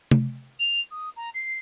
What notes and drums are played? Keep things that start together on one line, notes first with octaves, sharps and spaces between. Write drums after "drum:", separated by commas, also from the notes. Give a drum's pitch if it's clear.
drum: tom C3
F7
D#6
A#5
C7